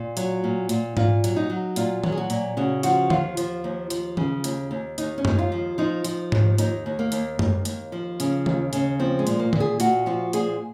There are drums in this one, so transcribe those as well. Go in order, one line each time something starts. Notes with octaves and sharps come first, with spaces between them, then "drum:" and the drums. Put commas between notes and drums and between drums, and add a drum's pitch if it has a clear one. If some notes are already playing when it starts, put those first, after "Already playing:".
Already playing: A#2
F#3, drum: hi-hat
A#2
A#2, drum: hi-hat
A#2 F4, drum: tom G#2
F#3, drum: hi-hat
D#4
F#3
A#2 F4, drum: hi-hat
F#3, drum: tom D#3
G#4
F#4
A#2, drum: hi-hat
C#3 F#4
F3 F#4, drum: hi-hat
D#2 F4, drum: tom D3
F3, drum: hi-hat
D#2
F3, drum: hi-hat
C#3, drum: tom D#3
D#2, drum: hi-hat
D#2
D#2 D#4, drum: hi-hat
C#4
D#2 D#4, drum: tom F#2
F4
F3
F3 D#4
F3, drum: hi-hat
D#2, drum: tom G#2
D#2 D#4, drum: hi-hat
D#2
A#3
D#2, drum: hi-hat
D#2, drum: tom F#2
D#2, drum: hi-hat
F3
C#3, drum: hi-hat
D#2, drum: tom D#3
C#3, drum: hi-hat
F3 C4
G#3
A#2, drum: hi-hat
A#3
A#2, drum: tom D3
G#4
A#2 F#4, drum: hi-hat
F3 F#4
A#2 G#4, drum: hi-hat